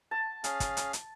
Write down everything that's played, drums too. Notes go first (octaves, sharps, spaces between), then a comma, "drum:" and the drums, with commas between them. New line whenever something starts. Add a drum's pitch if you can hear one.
A5
C#4 G#4 F5, drum: hi-hat
drum: kick, hi-hat
drum: hi-hat
drum: hi-hat